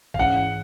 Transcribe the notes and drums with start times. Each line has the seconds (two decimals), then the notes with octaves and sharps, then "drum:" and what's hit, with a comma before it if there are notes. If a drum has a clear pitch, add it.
0.14 F5, drum: kick
0.19 G#2 E3 G#3 C#4 F#5